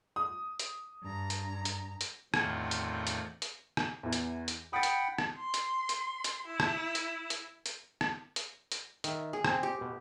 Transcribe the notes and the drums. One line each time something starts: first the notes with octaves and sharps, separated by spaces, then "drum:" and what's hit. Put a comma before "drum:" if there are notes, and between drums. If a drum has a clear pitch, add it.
D#6
drum: hi-hat
G2 A#5
drum: hi-hat
drum: hi-hat
drum: hi-hat
E2 A2 D#3 C4 F4 F#5, drum: rim click
drum: hi-hat
drum: hi-hat
drum: hi-hat
drum: rim click
E2 E3
drum: hi-hat
drum: hi-hat
F#5 G5 B5 D#6 A6
drum: hi-hat
drum: rim click
C6
drum: hi-hat
drum: hi-hat
drum: hi-hat
E4
drum: rim click
drum: hi-hat
drum: hi-hat
drum: hi-hat
drum: rim click
drum: hi-hat
drum: hi-hat
D#3 E5, drum: hi-hat
G#4
C4, drum: rim click
G4
B2